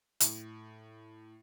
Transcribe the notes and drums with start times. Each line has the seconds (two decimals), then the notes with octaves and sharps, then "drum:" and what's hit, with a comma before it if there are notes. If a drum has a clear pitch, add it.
0.20 A2, drum: hi-hat